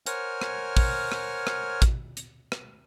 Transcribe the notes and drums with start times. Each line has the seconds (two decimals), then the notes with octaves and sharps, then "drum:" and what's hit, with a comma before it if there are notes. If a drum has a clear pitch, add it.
0.06 A#4 C5 C#5 F#5 G#5 F6, drum: hi-hat
0.41 drum: rim click
0.77 drum: kick, open hi-hat
1.12 drum: rim click
1.47 drum: rim click
1.82 drum: kick, hi-hat
2.17 drum: hi-hat
2.52 drum: rim click